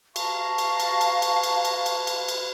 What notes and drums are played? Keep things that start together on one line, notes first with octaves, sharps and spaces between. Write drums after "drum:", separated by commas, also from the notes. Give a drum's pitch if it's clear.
F5 A5 A#5 C#6, drum: cymbal
drum: cymbal
drum: cymbal
drum: cymbal
drum: cymbal
drum: cymbal
drum: cymbal
drum: cymbal
drum: cymbal
drum: cymbal